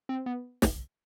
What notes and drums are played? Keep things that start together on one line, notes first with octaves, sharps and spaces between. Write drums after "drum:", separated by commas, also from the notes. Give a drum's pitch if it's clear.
C4
B3
drum: snare